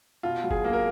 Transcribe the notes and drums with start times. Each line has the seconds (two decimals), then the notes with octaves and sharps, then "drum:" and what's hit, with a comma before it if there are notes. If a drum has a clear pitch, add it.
0.23 B2 F4
0.44 F#3
0.51 G#4, drum: kick F#1
0.64 A#3
0.73 A#4